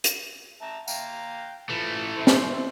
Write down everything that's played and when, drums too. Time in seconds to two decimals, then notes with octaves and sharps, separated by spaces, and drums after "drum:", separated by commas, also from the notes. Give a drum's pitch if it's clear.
0.04 drum: hi-hat
0.62 E5 A5 A#5
0.88 F5 G5 A#5, drum: tambourine
1.69 E3 F3 A3
2.17 C4 E4 C5
2.27 drum: snare